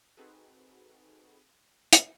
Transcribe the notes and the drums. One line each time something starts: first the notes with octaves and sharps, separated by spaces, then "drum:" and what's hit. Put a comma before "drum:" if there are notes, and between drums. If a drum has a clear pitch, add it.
C4 D#4 F#4 G#4 A4 B4
drum: hi-hat